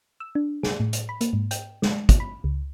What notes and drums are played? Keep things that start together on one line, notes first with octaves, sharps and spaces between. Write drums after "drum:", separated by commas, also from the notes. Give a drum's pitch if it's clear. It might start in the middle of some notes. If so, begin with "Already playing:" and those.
E6
D4
G#4, drum: snare
A2
drum: hi-hat
B5
A#3, drum: hi-hat
G#2
G5, drum: hi-hat
G#3, drum: snare
drum: kick, hi-hat
B5
C#2